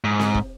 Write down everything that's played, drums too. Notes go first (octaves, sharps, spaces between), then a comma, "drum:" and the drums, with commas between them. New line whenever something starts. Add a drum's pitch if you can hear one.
G#2
drum: snare C4
drum: kick